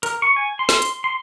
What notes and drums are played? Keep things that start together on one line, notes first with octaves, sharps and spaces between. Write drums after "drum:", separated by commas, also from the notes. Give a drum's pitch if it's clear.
A#4, drum: hi-hat
C#6
G#5
C6
drum: snare
drum: hi-hat
C6